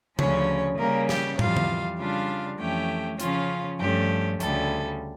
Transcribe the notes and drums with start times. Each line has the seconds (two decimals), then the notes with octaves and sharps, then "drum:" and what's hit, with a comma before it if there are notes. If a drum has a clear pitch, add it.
0.19 D2 C#3 F3 C#4 C#5, drum: tom
0.78 C#3 G3 A#3 C#4 A#4
1.09 G4, drum: snare
1.39 F2 E3 G3 F4 F5, drum: tom
1.57 drum: tom D3
2.00 C#3 G3 D4 F4 F5
2.60 F2 E3 A3 C#4 G4 G5
3.20 C#3 F3 C#4 F4 F5, drum: hi-hat
3.80 G2 F3 A3 C#4 G4
4.40 D2 C#3 G3 A4, drum: hi-hat